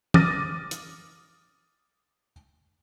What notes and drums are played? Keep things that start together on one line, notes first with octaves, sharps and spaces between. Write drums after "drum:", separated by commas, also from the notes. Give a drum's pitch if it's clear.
D6 D#6 F6 A6 A#6 D#7, drum: tom E3
drum: hi-hat